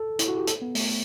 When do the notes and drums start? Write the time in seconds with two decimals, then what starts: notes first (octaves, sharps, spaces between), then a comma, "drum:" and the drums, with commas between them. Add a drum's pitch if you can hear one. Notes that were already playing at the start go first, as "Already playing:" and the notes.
Already playing: A4
0.19 E4, drum: hi-hat
0.28 F#4
0.37 G4
0.47 A4, drum: hi-hat
0.62 B3
0.75 A3, drum: open hi-hat